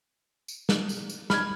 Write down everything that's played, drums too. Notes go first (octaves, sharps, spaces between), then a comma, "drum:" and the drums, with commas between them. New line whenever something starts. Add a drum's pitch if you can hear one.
drum: tambourine
drum: snare
drum: tambourine
drum: tambourine
B5 F6 G#6, drum: snare